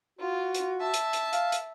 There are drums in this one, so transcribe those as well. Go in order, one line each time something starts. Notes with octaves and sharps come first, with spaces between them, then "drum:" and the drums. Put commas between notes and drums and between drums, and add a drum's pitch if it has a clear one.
F4 F#4
drum: hi-hat
E5 A5
drum: hi-hat
drum: hi-hat
F5, drum: hi-hat
drum: hi-hat